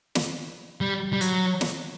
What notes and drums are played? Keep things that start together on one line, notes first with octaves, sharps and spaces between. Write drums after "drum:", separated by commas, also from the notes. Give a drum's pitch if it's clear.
drum: snare
G3
G3
F#3, drum: hi-hat
drum: snare